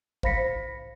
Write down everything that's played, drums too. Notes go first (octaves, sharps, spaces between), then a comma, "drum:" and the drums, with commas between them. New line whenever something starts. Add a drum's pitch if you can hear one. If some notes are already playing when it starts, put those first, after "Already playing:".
C5 F5 B5 A#6 B6 C#7, drum: kick